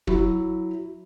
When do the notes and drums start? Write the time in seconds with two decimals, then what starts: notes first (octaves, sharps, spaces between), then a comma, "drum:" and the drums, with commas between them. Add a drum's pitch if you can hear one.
0.07 F#3 E4, drum: kick